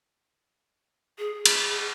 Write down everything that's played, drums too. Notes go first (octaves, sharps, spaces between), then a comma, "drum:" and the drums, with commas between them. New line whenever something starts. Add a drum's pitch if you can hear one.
G#4
drum: cymbal